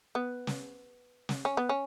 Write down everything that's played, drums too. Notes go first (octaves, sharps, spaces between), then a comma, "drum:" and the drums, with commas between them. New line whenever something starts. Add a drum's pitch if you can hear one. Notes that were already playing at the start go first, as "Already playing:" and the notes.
B3
drum: snare
drum: snare
C#4
B3
C#4